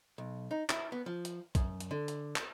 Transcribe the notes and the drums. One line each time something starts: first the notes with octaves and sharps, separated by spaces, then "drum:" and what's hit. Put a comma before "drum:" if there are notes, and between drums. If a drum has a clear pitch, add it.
B1
D#4
E4, drum: clap
B3
F3
drum: hi-hat
F#2, drum: kick, hi-hat
drum: hi-hat
D3
drum: hi-hat
drum: clap